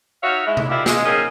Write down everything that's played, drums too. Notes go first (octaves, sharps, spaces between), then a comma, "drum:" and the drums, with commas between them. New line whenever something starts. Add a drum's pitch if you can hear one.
D#4 F#4 C#5 E5 F5
G#3 E4
drum: tom C3
D#3 E4 F4 G4 D5
G#3, drum: snare
A#3 C4 C#4 D#4 G#4 A#4